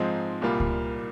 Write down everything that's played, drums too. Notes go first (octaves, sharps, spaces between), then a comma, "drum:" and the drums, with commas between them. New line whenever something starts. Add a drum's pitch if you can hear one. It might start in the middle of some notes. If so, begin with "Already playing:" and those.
Already playing: G#2 F3 G#3 C4 D#4
C2 A#2 G3 A#3 F4
drum: kick C#2